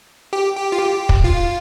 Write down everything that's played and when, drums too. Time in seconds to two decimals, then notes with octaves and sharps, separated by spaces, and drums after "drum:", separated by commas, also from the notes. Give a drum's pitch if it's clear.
0.33 G4
0.56 G4
0.72 F4
0.78 G4
1.09 drum: kick
1.24 F4